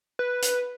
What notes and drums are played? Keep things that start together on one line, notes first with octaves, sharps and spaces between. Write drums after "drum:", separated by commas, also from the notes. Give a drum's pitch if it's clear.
B4
drum: hi-hat